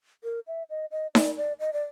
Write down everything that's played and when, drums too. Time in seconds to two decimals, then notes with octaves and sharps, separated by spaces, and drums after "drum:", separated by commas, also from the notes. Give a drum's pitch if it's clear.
0.24 A#4
0.47 E5
0.70 D#5
0.91 D#5
1.15 D5, drum: snare D#4
1.37 D5
1.60 D#5
1.73 D5